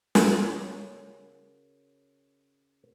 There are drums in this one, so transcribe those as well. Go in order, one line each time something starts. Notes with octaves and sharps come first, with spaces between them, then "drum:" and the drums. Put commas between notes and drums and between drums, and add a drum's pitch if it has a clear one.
C#3 C#4 F#4 A#4 C5, drum: snare